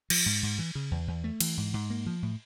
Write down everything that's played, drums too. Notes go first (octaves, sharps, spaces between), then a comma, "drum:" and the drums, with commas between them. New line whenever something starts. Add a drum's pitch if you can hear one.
F3, drum: cymbal
G#2
G#2
E3
C#3
E2
E2
A3
E3, drum: cymbal
G#2
G#2
A#3
F3
A2